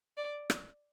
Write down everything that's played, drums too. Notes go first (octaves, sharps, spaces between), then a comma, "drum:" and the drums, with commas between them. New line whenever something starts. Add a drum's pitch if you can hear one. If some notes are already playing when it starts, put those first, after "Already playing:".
D5
drum: rim click